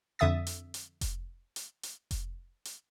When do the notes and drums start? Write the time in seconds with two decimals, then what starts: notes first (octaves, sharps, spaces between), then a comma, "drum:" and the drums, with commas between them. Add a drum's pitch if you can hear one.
0.19 F2 D3 E5 D#6 A6
0.47 drum: hi-hat
0.74 drum: hi-hat
1.01 drum: kick F1, hi-hat
1.56 drum: hi-hat
1.83 drum: hi-hat
2.11 drum: kick F1, hi-hat
2.65 drum: hi-hat